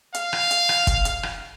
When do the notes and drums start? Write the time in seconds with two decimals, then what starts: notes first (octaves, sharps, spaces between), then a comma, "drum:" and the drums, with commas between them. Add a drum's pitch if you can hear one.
0.15 F5, drum: hi-hat
0.33 drum: rim click
0.51 drum: hi-hat
0.69 drum: rim click
0.87 drum: kick, hi-hat
1.05 drum: hi-hat
1.23 drum: rim click